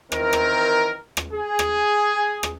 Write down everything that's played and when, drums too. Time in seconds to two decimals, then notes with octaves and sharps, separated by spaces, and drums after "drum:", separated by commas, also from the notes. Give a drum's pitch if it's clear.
0.12 D#3 E3 C4 A#4, drum: rim click
0.33 drum: rim click
1.17 drum: rim click
1.33 G#4
1.59 drum: rim click
2.43 drum: rim click